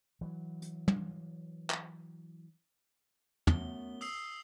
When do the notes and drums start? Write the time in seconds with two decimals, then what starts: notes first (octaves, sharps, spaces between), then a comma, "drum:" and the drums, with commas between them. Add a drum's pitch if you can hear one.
0.21 E3 F#3
0.62 drum: hi-hat
0.88 drum: tom
1.70 drum: clap
3.47 F#2 A3 B3 G7, drum: tom
4.01 D#6 E6 C7, drum: open hi-hat